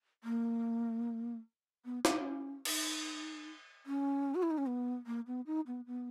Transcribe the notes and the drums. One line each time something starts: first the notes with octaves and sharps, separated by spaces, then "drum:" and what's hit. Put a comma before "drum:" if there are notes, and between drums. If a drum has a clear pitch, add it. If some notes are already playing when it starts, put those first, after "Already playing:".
A#3
B3
C#4, drum: snare
D#4
C#4
D#4, drum: cymbal
C#4
F#4
E4
D#4
C#4
B3
A#3
B3
D#4
B3
B3